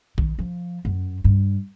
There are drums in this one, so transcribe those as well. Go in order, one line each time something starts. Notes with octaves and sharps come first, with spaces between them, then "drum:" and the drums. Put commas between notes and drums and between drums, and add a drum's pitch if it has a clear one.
D#3, drum: kick A#1
F3
F#2
G2